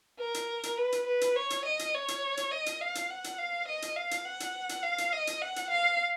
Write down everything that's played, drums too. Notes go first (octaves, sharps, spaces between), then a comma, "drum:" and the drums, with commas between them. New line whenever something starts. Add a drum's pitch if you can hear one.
A#4
drum: hi-hat
drum: hi-hat
B4
drum: hi-hat
B4
drum: hi-hat
C#5
drum: hi-hat
D#5
drum: hi-hat
C#5
drum: hi-hat
drum: hi-hat
D#5
drum: hi-hat
F5
drum: hi-hat
F#5
drum: hi-hat
F5
D#5
drum: hi-hat
F5
drum: hi-hat
F#5
drum: hi-hat
drum: hi-hat
F5
drum: hi-hat
D#5
drum: hi-hat
F#5
drum: hi-hat
F5